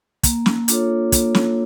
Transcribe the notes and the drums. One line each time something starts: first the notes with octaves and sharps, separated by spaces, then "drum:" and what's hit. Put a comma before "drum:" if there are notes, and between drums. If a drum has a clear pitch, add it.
A#3, drum: kick, hi-hat
drum: snare
D4 F4 A4 C#5, drum: hi-hat
A#3, drum: kick, hi-hat
drum: snare